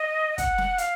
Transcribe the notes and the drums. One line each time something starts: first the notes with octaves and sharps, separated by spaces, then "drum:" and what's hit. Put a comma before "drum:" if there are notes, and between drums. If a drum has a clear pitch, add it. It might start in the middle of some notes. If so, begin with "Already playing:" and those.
Already playing: D#5
F#5, drum: kick, hi-hat
drum: snare
F5, drum: hi-hat